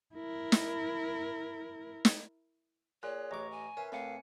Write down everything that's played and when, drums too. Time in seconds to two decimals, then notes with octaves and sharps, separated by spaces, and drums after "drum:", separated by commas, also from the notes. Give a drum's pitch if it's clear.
0.15 E4 A#4
0.52 drum: snare
2.05 drum: snare
3.03 A#2 G#4 C#5 C6 F#6
3.31 A1 D#5 A#5 C#6 D6
3.51 G#5
3.77 C#4 A#4 B4 E5
3.92 A2 C4 F5 G#5 C#7